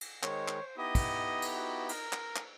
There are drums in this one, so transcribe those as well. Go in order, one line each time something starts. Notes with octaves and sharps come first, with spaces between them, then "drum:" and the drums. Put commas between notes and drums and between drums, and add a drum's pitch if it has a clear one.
drum: cymbal
D#3 G#3 C5 C#5, drum: clap
drum: clap
B3 D#4 E4 G4 D#5
drum: kick, cymbal
drum: cymbal
F#4
A#4, drum: cymbal
drum: clap
drum: clap